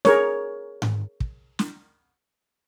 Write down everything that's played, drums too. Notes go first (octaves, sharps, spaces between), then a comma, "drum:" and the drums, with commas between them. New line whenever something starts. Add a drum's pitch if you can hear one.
G#4 A#4 C#5, drum: snare
drum: tom G#2
drum: kick
drum: snare